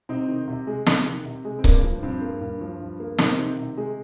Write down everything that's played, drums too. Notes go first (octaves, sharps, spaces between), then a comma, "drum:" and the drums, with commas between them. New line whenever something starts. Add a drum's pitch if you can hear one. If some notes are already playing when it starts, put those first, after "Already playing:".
C3 C4 D#4
D#3
C3
G#3
C3, drum: snare
D#3
C3
G#3
C4
G2 A#3 D4, drum: kick C#1
F3
G2 C4
A#3
G2
F3
G2
A#3
C3 C4 D#4, drum: snare
D#3
C3
G#3